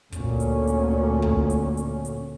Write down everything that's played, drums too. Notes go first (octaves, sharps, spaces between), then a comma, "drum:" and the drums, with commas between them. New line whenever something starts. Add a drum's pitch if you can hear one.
D2 A#2 C#4, drum: kick, hi-hat
drum: hi-hat
drum: hi-hat
drum: kick
drum: hi-hat
drum: hi-hat
drum: hi-hat